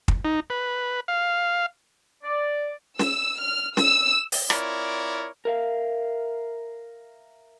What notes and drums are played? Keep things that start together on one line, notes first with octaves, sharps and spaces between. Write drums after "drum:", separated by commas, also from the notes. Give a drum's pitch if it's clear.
drum: kick
D#4
B4
F5
D5
E6, drum: snare
F6
E6, drum: snare
drum: open hi-hat
C4 E4 F4 A#4 C#5 D5, drum: rim click
A#4 E5 F5